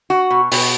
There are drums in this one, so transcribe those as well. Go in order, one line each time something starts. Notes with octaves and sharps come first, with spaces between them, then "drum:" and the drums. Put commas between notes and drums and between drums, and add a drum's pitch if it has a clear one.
F#4
B2
B2, drum: open hi-hat